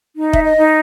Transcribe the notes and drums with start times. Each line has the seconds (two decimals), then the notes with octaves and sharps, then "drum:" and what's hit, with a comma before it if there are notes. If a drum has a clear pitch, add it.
0.15 D#4
0.33 E5, drum: kick
0.43 D#5
0.57 D#4